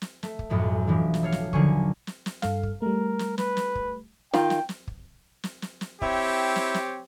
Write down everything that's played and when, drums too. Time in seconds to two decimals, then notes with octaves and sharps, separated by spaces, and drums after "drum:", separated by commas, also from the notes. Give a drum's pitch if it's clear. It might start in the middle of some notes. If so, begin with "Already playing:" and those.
0.02 drum: snare
0.23 A3, drum: snare
0.39 drum: kick
0.50 B1 F#2 A2 F3 G#3
0.87 E3 F3 G#3 D4
1.14 drum: snare
1.23 A4 C#5 F5
1.32 drum: snare
1.53 D#2 D3 F3 F#3 G#5 C#6, drum: kick
2.07 drum: snare
2.26 drum: snare
2.42 G2 A4 F5, drum: snare
2.63 drum: kick
2.82 G3 A3 A#4
3.19 drum: snare
3.38 B4, drum: snare
3.57 drum: snare
3.75 drum: kick
4.33 D#3 F4 G5, drum: snare
4.50 drum: snare
4.69 drum: snare
4.87 drum: kick
5.44 drum: snare
5.62 drum: snare
5.81 drum: snare
6.02 C4 E4 G4 C#5 E5, drum: kick
6.56 drum: snare
6.74 drum: snare